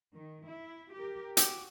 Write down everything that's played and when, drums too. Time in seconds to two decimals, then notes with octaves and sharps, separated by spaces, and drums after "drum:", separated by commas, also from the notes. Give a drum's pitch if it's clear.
0.12 D#3
0.45 E4
0.93 G4 A#4
1.37 F#4 G4, drum: hi-hat